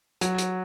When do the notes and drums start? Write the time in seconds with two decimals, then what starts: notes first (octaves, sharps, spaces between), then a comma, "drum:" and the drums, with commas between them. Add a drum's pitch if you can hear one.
0.21 F#3, drum: hi-hat
0.38 drum: hi-hat